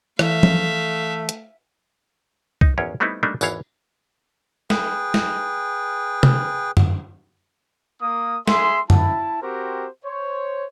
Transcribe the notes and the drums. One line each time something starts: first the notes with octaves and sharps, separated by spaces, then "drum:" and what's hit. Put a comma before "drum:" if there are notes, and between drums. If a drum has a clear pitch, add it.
E3 A3 E5 F5, drum: rim click
drum: tom F3
drum: hi-hat
D#4, drum: kick C2
G#1 E2 C#4 C#5
G3 A3 B3 C4 D#4 E4
G3 A3 A#3 D4 D#4
G#1 E2 E3 C#5 F5, drum: tambourine
G#4 B4 G5, drum: snare
drum: snare
drum: tom C3
drum: tom
A#3 D#6
G#4 E5 C6, drum: snare
E4 A5, drum: tom
C4 F#4 G4 A#4 C5
C5 C#5